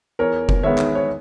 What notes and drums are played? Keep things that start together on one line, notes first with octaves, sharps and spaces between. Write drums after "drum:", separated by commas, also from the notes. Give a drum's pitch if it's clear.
E2 A#4 C#5
drum: kick F1
D#3 G#3 B3 C#5 E5
drum: clap
C#5